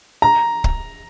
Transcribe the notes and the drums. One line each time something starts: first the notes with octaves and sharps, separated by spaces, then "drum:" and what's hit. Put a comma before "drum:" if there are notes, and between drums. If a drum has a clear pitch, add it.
A#5
drum: kick C#1